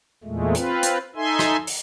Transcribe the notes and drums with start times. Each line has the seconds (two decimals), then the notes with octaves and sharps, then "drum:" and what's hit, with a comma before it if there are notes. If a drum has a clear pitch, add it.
0.24 E2 A#2 G#3 A3
0.55 C4 F4 B4, drum: hi-hat
0.83 drum: hi-hat
1.15 D#4 A4 E5 G#5 C6
1.39 drum: rim click
1.67 drum: open hi-hat